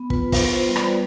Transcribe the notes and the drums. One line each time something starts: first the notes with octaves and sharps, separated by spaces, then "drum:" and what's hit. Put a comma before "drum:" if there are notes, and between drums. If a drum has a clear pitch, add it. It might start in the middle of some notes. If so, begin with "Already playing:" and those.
Already playing: B3
F4 B4, drum: kick
C5, drum: kick, open hi-hat
F4
C5
G3
D5, drum: rim click
B4